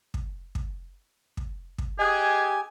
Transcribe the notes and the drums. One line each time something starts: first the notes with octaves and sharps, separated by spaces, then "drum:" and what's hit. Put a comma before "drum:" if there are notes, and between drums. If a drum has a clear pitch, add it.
drum: kick
drum: kick
drum: kick
drum: kick
G4 G#4 D#5 G#5 F#6